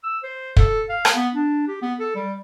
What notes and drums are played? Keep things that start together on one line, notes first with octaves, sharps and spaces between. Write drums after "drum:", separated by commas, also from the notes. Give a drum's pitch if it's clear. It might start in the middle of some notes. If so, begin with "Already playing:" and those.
E6
C5
A4, drum: kick
F5
drum: rim click
B3
D4
G4
B3
A4
G3